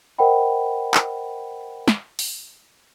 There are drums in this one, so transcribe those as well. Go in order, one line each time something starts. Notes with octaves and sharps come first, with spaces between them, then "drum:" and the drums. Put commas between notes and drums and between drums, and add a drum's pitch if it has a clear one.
A#4 C5 D#5 F#5 G5 B5
drum: clap
drum: snare
drum: open hi-hat